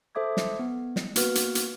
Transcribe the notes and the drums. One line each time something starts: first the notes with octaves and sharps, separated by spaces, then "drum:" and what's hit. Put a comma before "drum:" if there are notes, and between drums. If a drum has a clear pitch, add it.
A4 C5 E5 D6 D#6 G#6
drum: snare
B3
drum: snare
A#3 B3 F#4 B4 F6, drum: hi-hat
drum: hi-hat
drum: hi-hat